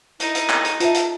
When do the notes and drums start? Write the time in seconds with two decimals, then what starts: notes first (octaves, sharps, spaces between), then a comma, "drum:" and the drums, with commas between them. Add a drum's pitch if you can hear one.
0.20 D#4 E4, drum: hi-hat
0.35 drum: hi-hat
0.50 drum: clap
0.65 drum: hi-hat
0.80 F4 E5 A5, drum: hi-hat
0.94 drum: hi-hat